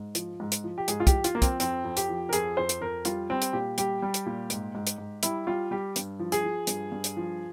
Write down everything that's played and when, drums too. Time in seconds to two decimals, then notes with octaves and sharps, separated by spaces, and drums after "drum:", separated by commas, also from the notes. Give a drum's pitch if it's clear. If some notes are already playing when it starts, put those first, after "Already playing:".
Already playing: G#2
0.15 F3, drum: hi-hat
0.40 G#2
0.52 drum: hi-hat
0.64 F3
0.78 G4
0.88 G#2 G#4, drum: hi-hat
1.00 F4
1.07 G4, drum: kick, hi-hat
1.12 F3
1.24 F4, drum: hi-hat
1.35 F3 A#3
1.42 C4, drum: kick, hi-hat
1.60 F2 C4, drum: hi-hat
1.85 F2
1.97 G4, drum: hi-hat
2.09 F3
2.29 A#4
2.33 F2 G#4, drum: hi-hat
2.57 F2 C5
2.69 drum: hi-hat
2.81 F2 A#4
3.05 G3 F4, drum: hi-hat
3.30 G3 C4
3.42 drum: hi-hat
3.53 A#2 G4
3.78 G3 G4, drum: hi-hat
4.02 G3
4.14 drum: hi-hat
4.26 A#2
4.50 G#2, drum: hi-hat
4.75 G#2
4.87 drum: hi-hat
4.98 G#2
5.23 G3 E4, drum: hi-hat
5.47 G3 F4
5.71 G3 G4
5.96 G2, drum: hi-hat
6.19 F3
6.32 G#4, drum: hi-hat
6.44 F3
6.67 G2, drum: hi-hat
6.92 G2
7.04 drum: hi-hat
7.17 F3